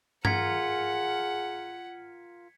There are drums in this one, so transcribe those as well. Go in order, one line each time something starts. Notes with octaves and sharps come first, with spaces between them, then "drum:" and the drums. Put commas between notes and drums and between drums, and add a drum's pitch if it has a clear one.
F4 G#4 A#4 F#5 G#6 B6 C#7, drum: tom G2